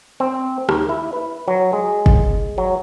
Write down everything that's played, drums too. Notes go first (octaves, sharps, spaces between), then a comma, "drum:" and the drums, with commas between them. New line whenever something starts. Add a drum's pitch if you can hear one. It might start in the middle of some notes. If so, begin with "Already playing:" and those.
C4
D#2, drum: rim click
E4
B4
F#3
G#3
drum: kick
F#3